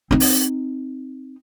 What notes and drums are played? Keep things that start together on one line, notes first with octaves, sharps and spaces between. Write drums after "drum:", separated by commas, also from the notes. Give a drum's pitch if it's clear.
C4 D#4
drum: open hi-hat